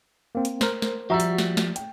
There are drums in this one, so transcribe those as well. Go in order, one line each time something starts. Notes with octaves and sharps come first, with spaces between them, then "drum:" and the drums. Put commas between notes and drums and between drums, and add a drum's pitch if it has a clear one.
A#3 C4
drum: hi-hat
A#4 C5, drum: snare
drum: snare
F3 G3 F#4 E5 A#5 E6
drum: hi-hat
drum: snare
drum: snare
G5, drum: hi-hat